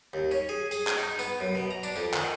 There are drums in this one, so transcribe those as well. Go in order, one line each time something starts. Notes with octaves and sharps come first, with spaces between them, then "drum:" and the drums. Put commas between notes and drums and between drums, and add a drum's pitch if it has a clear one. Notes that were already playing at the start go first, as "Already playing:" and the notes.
D#2
C#4
G#4
G#4, drum: tambourine
drum: clap
D#4
B3, drum: tambourine
F#2
B2
A#5
D4, drum: tambourine
F2, drum: tambourine
D#3, drum: clap